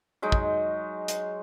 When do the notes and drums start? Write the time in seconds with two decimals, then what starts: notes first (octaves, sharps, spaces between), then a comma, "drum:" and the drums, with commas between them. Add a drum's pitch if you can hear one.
0.22 F#3 G#3 D#4
0.32 drum: kick
1.08 drum: hi-hat